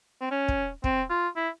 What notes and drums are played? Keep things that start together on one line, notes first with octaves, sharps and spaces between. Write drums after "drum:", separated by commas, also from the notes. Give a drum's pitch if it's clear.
C4
C#4
drum: kick
C4, drum: kick
F4
E4